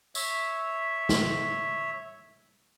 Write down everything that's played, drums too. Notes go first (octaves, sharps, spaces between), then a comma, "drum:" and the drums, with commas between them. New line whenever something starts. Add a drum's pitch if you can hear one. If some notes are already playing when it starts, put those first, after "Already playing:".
C#5 E5, drum: tambourine
drum: snare